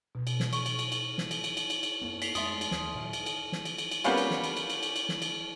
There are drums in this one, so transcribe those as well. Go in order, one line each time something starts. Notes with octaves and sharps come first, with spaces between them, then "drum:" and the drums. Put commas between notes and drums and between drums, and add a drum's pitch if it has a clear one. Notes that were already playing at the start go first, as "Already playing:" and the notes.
B2
drum: cymbal
drum: snare
C#6, drum: cymbal
drum: cymbal
drum: cymbal
drum: cymbal
drum: snare
drum: cymbal
drum: cymbal
drum: cymbal
drum: cymbal
drum: cymbal
F#2 A#3 B3
B6 C7 F7, drum: cymbal
F2 G#3 A3 E5 C6 D#6, drum: cymbal
drum: cymbal
D#2, drum: snare
A#2 D#3 F#3
drum: cymbal
drum: cymbal
drum: snare
drum: cymbal
drum: cymbal
drum: cymbal
G3 A#3 B3 C#4 F4, drum: cymbal
drum: cymbal
drum: snare
drum: cymbal
drum: cymbal
drum: cymbal
drum: cymbal
drum: cymbal
drum: snare
drum: cymbal